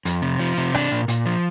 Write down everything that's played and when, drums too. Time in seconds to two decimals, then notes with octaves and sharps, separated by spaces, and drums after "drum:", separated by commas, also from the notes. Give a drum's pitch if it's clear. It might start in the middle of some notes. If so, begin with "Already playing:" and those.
0.05 F2, drum: hi-hat
0.22 C3
0.39 F3
0.57 C3
0.74 D4, drum: rim click
0.91 A#2
1.08 A#2, drum: hi-hat
1.26 F3